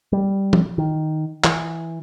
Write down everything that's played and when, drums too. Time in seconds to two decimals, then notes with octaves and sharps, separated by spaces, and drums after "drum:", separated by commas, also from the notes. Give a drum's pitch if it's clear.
0.12 G3
0.53 drum: tom
0.78 D#3
1.44 E3, drum: clap